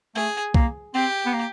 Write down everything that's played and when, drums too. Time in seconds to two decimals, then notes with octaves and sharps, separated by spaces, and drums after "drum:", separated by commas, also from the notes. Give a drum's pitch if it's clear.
0.16 A3 G#4
0.54 A#3, drum: kick C2
0.95 C4 G4
1.26 B3
1.33 A#3